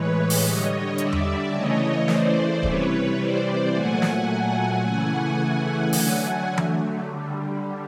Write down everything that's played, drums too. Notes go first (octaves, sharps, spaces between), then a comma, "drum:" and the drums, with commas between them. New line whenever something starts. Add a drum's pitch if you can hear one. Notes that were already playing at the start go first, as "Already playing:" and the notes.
Already playing: A2 E3 G#3 B4 C#5
drum: open hi-hat
D3 G3 C#5 D#5
D5 E5, drum: hi-hat
drum: tom E2
C#3 E3 A3 C#5 D#5
C5 D5, drum: snare
C3 E3 G3 B4 C#5, drum: kick
C5 D5
A#2 F#3 A3 F#5 G#5
drum: snare
C#3 E3 A3 F#5 G#5
D3 F#3 A3 F#5 G#5, drum: open hi-hat
drum: tom E3
D3 G3